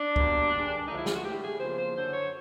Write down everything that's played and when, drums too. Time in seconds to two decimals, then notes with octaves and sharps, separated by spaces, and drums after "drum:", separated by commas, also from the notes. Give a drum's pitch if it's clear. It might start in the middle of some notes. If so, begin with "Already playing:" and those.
Already playing: D4
0.16 B2 G3 A#3, drum: kick C#2
0.53 G2 D#3 G#3
0.87 D#2 D3 F3 A3 D#4
0.96 E4
1.06 F4, drum: snare
1.15 F#4
1.23 A2 E3 A3 G4
1.42 G#4
1.60 E2 C#3 F3 A#3 C5
1.78 C5
1.95 F#2 D3 F#3 C5
2.13 C#5